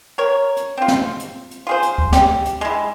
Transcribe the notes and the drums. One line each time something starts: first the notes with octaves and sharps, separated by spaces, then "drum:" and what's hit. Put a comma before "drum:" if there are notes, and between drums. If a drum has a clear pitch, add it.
A#4 C#5
drum: hi-hat
C4 F4
drum: snare
drum: hi-hat
drum: hi-hat
F4 G#4 C5
drum: hi-hat
drum: kick D2
G4, drum: snare
drum: hi-hat
G#3 E4